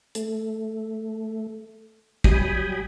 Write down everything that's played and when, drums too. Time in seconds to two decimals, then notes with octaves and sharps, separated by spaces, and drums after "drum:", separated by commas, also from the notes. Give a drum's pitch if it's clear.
0.15 A3, drum: hi-hat
2.24 F#3 G3 G5 G#5 B5 D#6, drum: kick